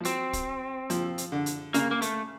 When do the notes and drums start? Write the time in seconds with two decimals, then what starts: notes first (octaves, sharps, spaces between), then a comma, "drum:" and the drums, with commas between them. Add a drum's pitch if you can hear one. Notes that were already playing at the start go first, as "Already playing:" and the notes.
0.01 F3
0.05 F#3 C4, drum: hi-hat
0.33 drum: kick, hi-hat
0.90 F3, drum: hi-hat
1.18 drum: hi-hat
1.32 D3
1.46 drum: hi-hat
1.74 C#3 A#3, drum: hi-hat
1.91 A#3
2.02 A3, drum: hi-hat